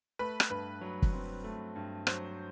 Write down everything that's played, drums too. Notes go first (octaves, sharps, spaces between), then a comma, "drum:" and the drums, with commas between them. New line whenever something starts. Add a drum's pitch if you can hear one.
A3 B4
drum: rim click
G2 B4
F#3
drum: kick
C4
A3
G2
F#3 C5, drum: rim click